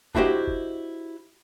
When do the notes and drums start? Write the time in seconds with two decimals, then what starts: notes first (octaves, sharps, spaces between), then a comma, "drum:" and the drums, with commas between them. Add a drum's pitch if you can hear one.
0.15 D4 E4 F#4 G4 C5 D#5, drum: kick F#1
0.48 drum: kick F#1